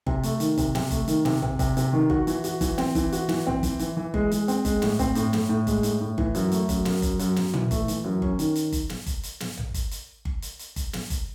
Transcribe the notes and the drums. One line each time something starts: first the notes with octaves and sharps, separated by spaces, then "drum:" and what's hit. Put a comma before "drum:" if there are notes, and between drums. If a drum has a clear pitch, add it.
C3, drum: kick G1
A3, drum: hi-hat
D#3, drum: hi-hat
C3, drum: kick G1, hi-hat
C3, drum: snare
A3, drum: kick G1, hi-hat
D#3, drum: hi-hat
C3, drum: snare
C3, drum: tom A1
C3, drum: kick G1, hi-hat
C3, drum: hi-hat
D#3
F#4, drum: kick G1
E3, drum: hi-hat
F#4, drum: hi-hat
E3, drum: kick G1, hi-hat
C4, drum: snare
E3, drum: kick G1, hi-hat
F#4, drum: hi-hat
E3, drum: snare
C4, drum: tom A1
E3, drum: kick G1, hi-hat
E3, drum: hi-hat
E3
G#3, drum: kick G1
G#3, drum: hi-hat
C4, drum: hi-hat
G#3, drum: kick G1, hi-hat
A2, drum: snare
C4, drum: kick G1, hi-hat
A2, drum: hi-hat
A2, drum: snare
A2
G#3, drum: kick G1, hi-hat
A2, drum: hi-hat
A2
E3, drum: kick G1
F#2, drum: hi-hat
A3, drum: hi-hat
F#2, drum: kick G1, hi-hat
F#2, drum: snare
F#2, drum: kick G1, hi-hat
F#2, drum: hi-hat
F#2, drum: snare
E3, drum: tom
A3, drum: kick G1, hi-hat
E3, drum: hi-hat
F#2
C#4, drum: kick G1
D#3, drum: hi-hat
drum: hi-hat
drum: kick G1, hi-hat
drum: snare
drum: kick G1, hi-hat
drum: hi-hat
drum: snare
drum: tom A1
drum: kick G1, hi-hat
drum: hi-hat
drum: kick G1
drum: hi-hat
drum: hi-hat
drum: kick G1, hi-hat
drum: snare
drum: kick G1, hi-hat